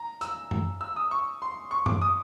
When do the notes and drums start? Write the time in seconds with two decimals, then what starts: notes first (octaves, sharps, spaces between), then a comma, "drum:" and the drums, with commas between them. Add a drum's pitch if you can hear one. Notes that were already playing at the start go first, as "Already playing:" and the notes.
Already playing: A#5
0.21 E6, drum: hi-hat
0.51 drum: tom F#2
0.81 E6
0.96 D#6
1.11 C#6
1.42 C6
1.71 C#6
1.86 D6, drum: tom F#2
2.02 D#6